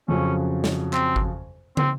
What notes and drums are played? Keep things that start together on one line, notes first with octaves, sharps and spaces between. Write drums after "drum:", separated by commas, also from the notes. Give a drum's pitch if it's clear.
F2 C#3 F#3 C#4
drum: snare
C4, drum: clap
drum: kick G1
C4, drum: tom